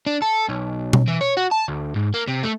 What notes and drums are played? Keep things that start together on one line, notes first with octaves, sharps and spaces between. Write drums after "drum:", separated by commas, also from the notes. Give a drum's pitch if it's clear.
D4
A4
B1
drum: tom B2
E3
C#5
F#4
A5
D2
G#2
A#3
C3
A3